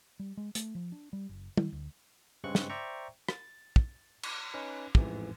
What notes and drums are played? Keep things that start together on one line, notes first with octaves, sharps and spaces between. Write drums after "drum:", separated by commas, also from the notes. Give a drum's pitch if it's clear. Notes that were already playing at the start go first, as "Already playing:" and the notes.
G3
G#3
A3, drum: hi-hat
F3
D4
G3
F#1
D#3, drum: tom
D2
G2 C#3 G#3 C4 C#6 F#6
drum: snare
C5 D5 E5 G5 A#5 C#6
A6, drum: rim click
drum: kick
drum: cymbal
C#4 D#4 B4
A1 F2 G#2 E3, drum: kick